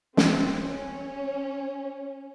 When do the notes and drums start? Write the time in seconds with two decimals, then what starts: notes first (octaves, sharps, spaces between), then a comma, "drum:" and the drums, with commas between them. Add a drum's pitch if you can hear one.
0.17 C4, drum: snare
0.61 C#4